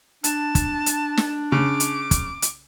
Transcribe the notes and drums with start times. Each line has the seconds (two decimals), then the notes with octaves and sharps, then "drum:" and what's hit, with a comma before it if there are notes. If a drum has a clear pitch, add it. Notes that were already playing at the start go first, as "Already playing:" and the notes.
0.24 D4 A5, drum: hi-hat
0.55 drum: kick, hi-hat
0.86 drum: hi-hat
1.17 drum: snare
1.52 C#3 D6
1.80 drum: hi-hat
2.11 drum: kick, hi-hat
2.42 drum: hi-hat